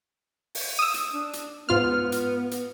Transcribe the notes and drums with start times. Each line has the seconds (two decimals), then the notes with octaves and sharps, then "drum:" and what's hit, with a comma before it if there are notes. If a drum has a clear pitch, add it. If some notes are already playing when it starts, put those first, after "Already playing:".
0.55 drum: open hi-hat
0.79 D#6 E6
0.94 drum: hi-hat
1.14 D4
1.33 drum: hi-hat
1.69 G#2 B3 F4 F6
2.12 drum: hi-hat
2.51 drum: hi-hat